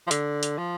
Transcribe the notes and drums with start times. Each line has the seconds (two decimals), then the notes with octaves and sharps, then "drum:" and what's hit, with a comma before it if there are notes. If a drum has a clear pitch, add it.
0.07 F3
0.11 D3, drum: hi-hat
0.43 drum: hi-hat
0.58 F3